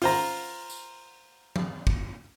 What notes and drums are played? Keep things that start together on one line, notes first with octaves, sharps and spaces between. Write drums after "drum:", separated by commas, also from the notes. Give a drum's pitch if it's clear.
F4 C5 A#5, drum: open hi-hat
drum: tambourine
drum: tom
drum: kick